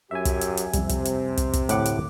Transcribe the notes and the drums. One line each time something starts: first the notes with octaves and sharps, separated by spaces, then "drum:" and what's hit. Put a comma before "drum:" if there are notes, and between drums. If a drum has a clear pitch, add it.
F#2 G4 E5 G#5
drum: kick, hi-hat
drum: hi-hat
drum: hi-hat
F2 C3 G3, drum: kick, hi-hat
drum: kick, hi-hat
drum: hi-hat
drum: kick, hi-hat
drum: kick, hi-hat
D2 A2 G4 F#5 D6 F#6, drum: hi-hat
drum: hi-hat